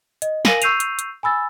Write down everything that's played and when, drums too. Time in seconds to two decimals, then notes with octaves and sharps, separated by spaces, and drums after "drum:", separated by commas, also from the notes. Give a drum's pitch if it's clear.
0.22 D#5, drum: hi-hat
0.45 A#4 F5 G#5 A#6 D#7 F#7, drum: snare
0.62 C#6 E6 G6 C7 D#7 F7, drum: hi-hat
0.80 drum: hi-hat
0.99 drum: hi-hat
1.23 G#5 B5 E6 A6